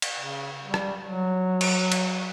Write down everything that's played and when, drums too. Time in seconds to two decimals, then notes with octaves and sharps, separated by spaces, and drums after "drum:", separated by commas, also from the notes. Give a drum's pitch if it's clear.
0.02 drum: cymbal
0.19 C#3
0.63 G3
0.74 drum: rim click
1.06 F#3
1.61 drum: cymbal
1.92 drum: cymbal